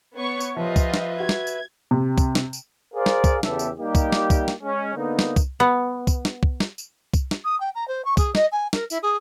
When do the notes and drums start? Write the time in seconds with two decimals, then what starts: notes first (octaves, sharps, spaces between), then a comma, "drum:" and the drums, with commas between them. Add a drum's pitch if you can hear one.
0.14 B3 C#5 C#6
0.40 drum: tambourine
0.57 F3 F4 G4 B4 D#5 E5
0.76 drum: kick, tambourine
0.94 drum: snare
1.20 F#4 G#6
1.29 drum: snare
1.47 drum: tambourine
1.91 C3
2.18 drum: kick, tambourine
2.35 drum: snare
2.53 drum: tambourine
2.94 G#4 A#4 C5 D5 F5
3.06 drum: snare
3.24 drum: kick, tambourine
3.43 E2 C#3 B3 G4 A4 E5, drum: snare
3.59 drum: tambourine
3.78 G3 A#3 D#4 G4
3.95 drum: kick, tambourine
4.12 drum: snare
4.30 drum: kick, tambourine
4.48 drum: snare
4.62 G#3 C#4
4.94 D3 A#3 B3 D#4
5.19 drum: snare
5.36 drum: kick, tambourine
5.60 B3
6.07 drum: kick, tambourine
6.25 drum: snare
6.43 drum: kick
6.60 drum: snare
6.78 drum: tambourine
7.14 drum: kick, tambourine
7.31 drum: snare
7.44 D#6
7.60 G5
7.75 A#5
7.88 C5
8.05 C#6
8.17 G#4, drum: kick, tambourine
8.35 D#5, drum: snare
8.52 G#5
8.73 A#4, drum: snare
8.90 E4, drum: tambourine
9.02 G#4